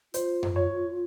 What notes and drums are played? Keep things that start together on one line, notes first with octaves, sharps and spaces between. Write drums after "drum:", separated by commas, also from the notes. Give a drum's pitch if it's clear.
F4 C5, drum: hi-hat
drum: tom F#2
C#5